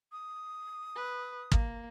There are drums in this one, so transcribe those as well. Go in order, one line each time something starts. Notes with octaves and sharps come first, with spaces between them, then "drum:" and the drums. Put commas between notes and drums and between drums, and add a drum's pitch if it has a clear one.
D#6
B4
A#3, drum: kick